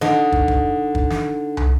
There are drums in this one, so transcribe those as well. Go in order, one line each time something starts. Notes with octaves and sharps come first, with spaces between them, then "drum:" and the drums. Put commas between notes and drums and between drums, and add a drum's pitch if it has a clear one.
D3 D#4 D#5, drum: snare
drum: kick
drum: kick
drum: kick
drum: snare
drum: tom